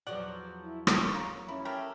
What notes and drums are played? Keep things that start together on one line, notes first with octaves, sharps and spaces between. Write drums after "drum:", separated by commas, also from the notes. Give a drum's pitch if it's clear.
E2 F3 F#3 D5 F#5
E4
F#4 C#6, drum: rim click
A#3
C#4 E4
A3 G4 A#4